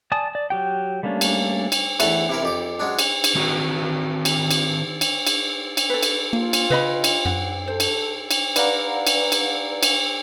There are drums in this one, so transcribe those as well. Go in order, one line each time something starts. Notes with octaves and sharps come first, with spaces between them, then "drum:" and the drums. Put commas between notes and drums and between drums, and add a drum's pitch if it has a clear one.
D5 G#5 A5 D#6
D5
F#3 G4 G5
G3 A3 A#3 C#4 D4
drum: cymbal
drum: cymbal
E2 A3 A4 B4, drum: cymbal
C3 E4 A#4
F2 G4 D6
F#3 G#3 C#4 D4
drum: cymbal
drum: cymbal
D#3 C4 F#4 A#4
drum: cymbal
drum: cymbal
drum: cymbal
drum: cymbal
drum: cymbal
A4 B4
drum: cymbal
A#3 F4
drum: cymbal
C#3 B4 D#5 B5
drum: cymbal
F#2 F#5
A4 C5
drum: cymbal
drum: cymbal
B4 D5 F5 F#5 A#5, drum: cymbal
drum: cymbal
drum: cymbal
drum: cymbal